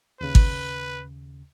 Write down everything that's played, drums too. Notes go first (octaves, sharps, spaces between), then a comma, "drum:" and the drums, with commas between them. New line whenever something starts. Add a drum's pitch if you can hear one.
D#2 C#3 B4
drum: kick G#1